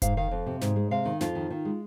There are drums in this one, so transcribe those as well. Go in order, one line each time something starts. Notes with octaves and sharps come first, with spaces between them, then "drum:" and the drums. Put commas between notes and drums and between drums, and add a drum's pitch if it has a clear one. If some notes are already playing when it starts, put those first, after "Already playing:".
G#2 F5, drum: kick F1, hi-hat
D#3 F5
F2
C3
G#2, drum: snare
G#3
C3 F5
D#3
F2 F4, drum: snare
D#3
D#3
G#3